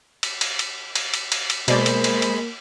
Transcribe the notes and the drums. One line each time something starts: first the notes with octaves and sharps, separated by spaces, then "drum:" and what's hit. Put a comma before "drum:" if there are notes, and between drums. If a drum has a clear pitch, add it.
drum: cymbal
drum: cymbal
drum: cymbal
drum: cymbal
drum: cymbal
drum: cymbal
drum: cymbal
B2 G#3 A#3 C5 D5 B5 G6, drum: cymbal
drum: cymbal
drum: cymbal
drum: cymbal